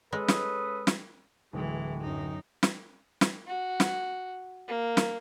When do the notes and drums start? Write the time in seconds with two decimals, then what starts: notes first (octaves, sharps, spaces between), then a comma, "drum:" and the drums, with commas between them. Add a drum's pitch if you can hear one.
0.13 G#3 C#4 A4 B4 D#6
0.29 drum: snare
0.87 drum: snare
1.53 D1 E3 G#3
2.01 F#2 D#4
2.63 drum: snare
3.21 drum: snare
3.47 F#4
3.80 drum: snare
4.68 A#3
4.97 drum: snare